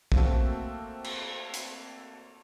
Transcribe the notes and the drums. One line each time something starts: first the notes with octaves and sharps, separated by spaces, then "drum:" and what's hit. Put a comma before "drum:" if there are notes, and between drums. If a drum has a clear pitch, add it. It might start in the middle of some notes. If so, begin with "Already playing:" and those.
A3 A#3 C4 F#4 A4, drum: kick
drum: cymbal
drum: hi-hat